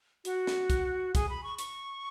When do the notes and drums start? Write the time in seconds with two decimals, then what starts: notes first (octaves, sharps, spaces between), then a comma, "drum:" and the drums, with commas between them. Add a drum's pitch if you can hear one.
0.25 F#4, drum: hi-hat
0.47 drum: snare
0.70 drum: kick, hi-hat
1.15 G#4, drum: kick, hi-hat
1.29 B5
1.44 C#6
1.58 C#6, drum: hi-hat